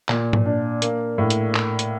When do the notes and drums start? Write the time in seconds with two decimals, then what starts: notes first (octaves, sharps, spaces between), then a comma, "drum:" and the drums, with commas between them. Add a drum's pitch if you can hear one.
0.09 A#2, drum: clap
0.33 drum: tom G#2
0.46 D4
0.82 A#3, drum: hi-hat
1.18 A2
1.30 drum: hi-hat
1.55 drum: clap
1.79 drum: hi-hat